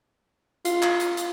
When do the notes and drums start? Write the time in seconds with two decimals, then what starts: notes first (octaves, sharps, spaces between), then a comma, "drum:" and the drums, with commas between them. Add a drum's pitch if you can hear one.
0.65 F4, drum: hi-hat
0.82 drum: clap
1.00 drum: hi-hat
1.17 drum: hi-hat